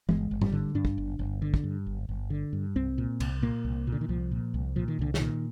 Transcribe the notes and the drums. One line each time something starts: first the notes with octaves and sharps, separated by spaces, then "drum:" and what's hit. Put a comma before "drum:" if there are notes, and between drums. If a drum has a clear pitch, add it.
G1 G#3, drum: tom E3
G1
G3, drum: tom G#2
D3
G2 D4
drum: kick
G1
G1
D3
drum: kick
G2
G1
G1
D3
G2
C2 C4
A#2
C2, drum: cymbal
A#2 A#3
C2
A#2
D3
D#3
C2 F3
A#2
C2
A#2 F3
D#3
C2 D3
D#3, drum: snare
A#2